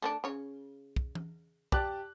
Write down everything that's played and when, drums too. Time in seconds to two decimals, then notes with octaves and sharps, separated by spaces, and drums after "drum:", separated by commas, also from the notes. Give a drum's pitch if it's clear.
0.02 A3 C#4 D4
0.24 C#3 C#5
0.96 drum: kick
1.15 drum: tom E3
1.72 G4 D5 A5 F#6, drum: kick